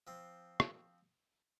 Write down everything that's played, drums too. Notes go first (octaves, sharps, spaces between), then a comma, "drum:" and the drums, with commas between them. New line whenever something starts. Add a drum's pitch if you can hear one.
F3 C4
drum: rim click